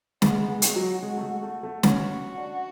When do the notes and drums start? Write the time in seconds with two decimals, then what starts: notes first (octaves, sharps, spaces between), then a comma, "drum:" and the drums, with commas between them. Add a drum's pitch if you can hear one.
0.22 G#3 B3, drum: snare
0.48 G#3
0.62 G#3 F#4, drum: hi-hat
0.76 F#3
1.03 G#3
1.17 A3
1.23 G#3
1.43 A3
1.63 A3
1.83 C#4 F#4, drum: snare
2.37 D4